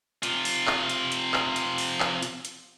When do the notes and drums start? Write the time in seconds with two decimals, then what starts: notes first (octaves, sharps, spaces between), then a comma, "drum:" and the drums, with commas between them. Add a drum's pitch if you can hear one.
0.23 C3 F4, drum: hi-hat
0.45 drum: open hi-hat
0.67 drum: clap
0.89 drum: hi-hat
1.12 drum: hi-hat
1.34 drum: clap
1.56 drum: hi-hat
1.78 drum: open hi-hat
2.00 drum: clap
2.22 drum: hi-hat
2.45 drum: hi-hat